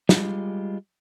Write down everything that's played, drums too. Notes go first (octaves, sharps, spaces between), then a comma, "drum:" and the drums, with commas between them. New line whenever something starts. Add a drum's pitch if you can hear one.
G3 G#3 F4, drum: snare